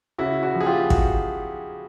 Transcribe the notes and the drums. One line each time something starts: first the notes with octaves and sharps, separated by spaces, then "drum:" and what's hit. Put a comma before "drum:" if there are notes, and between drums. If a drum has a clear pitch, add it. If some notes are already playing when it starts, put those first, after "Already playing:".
C#3 E4 F#4
E4 F#4
F3
G#4
F4 G4
F#4, drum: kick